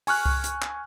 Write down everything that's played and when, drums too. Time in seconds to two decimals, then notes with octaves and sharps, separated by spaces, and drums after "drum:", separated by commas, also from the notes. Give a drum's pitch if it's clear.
0.07 G#5 C#6 F6 F#6, drum: open hi-hat
0.25 drum: kick C2
0.44 drum: hi-hat
0.62 drum: clap